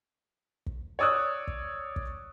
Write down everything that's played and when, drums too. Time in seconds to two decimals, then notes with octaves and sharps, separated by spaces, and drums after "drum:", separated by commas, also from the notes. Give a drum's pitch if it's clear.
0.66 drum: kick
0.99 C#5 D5 D#6 E6 F#6
1.47 drum: kick
1.96 drum: kick